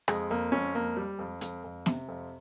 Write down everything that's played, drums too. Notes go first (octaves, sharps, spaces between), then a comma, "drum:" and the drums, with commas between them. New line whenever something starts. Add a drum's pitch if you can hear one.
F2 G#3, drum: rim click
F2 A#3
F2 C#4
F2 A#3
G3
F2
F2, drum: hi-hat
F2
C3, drum: snare
F2